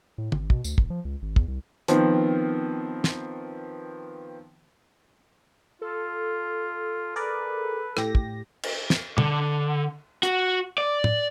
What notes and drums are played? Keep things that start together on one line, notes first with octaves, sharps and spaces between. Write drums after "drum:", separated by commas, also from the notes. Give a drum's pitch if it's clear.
A2
G#1, drum: tom
B2, drum: kick
D2, drum: tambourine
E1, drum: kick
F3
C#2
G#1
E2, drum: kick
C2
D#3 F3 B3 C4, drum: hi-hat
drum: snare
F4 A4
G#4 A#4 B4 D5
A2 G4 A#6, drum: rim click
drum: kick
drum: cymbal
drum: snare
D3, drum: tom
F#4, drum: hi-hat
D5
drum: tom